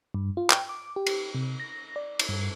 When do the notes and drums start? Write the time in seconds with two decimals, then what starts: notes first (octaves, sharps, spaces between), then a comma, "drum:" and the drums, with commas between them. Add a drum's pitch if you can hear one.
0.14 G2
0.37 F4
0.50 G5, drum: clap
0.69 D6
0.96 G4
1.07 drum: cymbal
1.35 C3
1.60 A#6
1.96 D5
2.19 drum: cymbal
2.29 G2